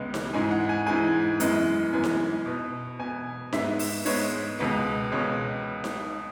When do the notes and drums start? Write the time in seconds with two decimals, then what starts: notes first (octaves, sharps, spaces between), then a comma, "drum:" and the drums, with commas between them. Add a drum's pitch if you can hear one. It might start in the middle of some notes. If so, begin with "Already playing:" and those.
Already playing: C#2 C#3 G#3 B3
0.14 drum: snare D#4
0.34 G#2 E3 G#3 G#5
0.51 F#5
0.69 G#5
0.86 G#2 E3 G#3 G#5
1.40 F#2 E3 G#3 B3, drum: hi-hat
1.93 F#2 E3 G#3 B3 G#5
2.04 drum: snare D#4
2.46 B2 B3
2.99 B2 B3 G#5
3.53 G#2 G#3 B3 E5, drum: snare D#4
3.79 drum: open hi-hat
4.05 G#2 G#3 B3 C#5, drum: open hi-hat
4.59 C#2 B2 G#3 B3
5.12 C#2 B2 G#3 B3 C#5
5.84 drum: snare D#4